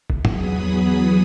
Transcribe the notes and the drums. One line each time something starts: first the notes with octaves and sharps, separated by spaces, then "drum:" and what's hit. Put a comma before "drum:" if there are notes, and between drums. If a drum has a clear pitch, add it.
drum: kick
E2 F#3 B3 G#4 B5 D#6, drum: tom